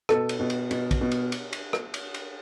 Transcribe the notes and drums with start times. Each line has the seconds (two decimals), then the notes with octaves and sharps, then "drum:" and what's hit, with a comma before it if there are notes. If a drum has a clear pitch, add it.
0.09 B2 A4, drum: rim click
0.29 drum: cymbal
0.40 B2
0.50 drum: cymbal
0.71 B2, drum: cymbal
0.91 drum: kick, cymbal
1.01 B2
1.11 drum: cymbal
1.32 drum: cymbal
1.53 drum: cymbal
1.73 drum: rim click
1.94 drum: cymbal
2.14 drum: cymbal